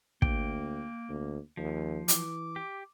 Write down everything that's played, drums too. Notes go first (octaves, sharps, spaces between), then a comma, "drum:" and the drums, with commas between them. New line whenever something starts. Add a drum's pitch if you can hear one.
D2 A#3 G5, drum: kick
D2
D#2 F3
E3 D6, drum: hi-hat
G4